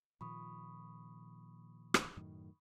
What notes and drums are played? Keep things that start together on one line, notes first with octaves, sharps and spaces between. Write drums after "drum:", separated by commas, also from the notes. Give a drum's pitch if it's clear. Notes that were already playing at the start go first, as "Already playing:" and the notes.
A#2 D#3 F3 B5 C#6 D#6
drum: rim click
F#2 A2 D#3